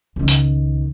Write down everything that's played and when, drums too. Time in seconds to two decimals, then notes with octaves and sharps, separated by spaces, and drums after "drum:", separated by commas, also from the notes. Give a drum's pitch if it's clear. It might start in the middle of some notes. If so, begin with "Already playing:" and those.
0.16 C#2 D#3
0.28 drum: hi-hat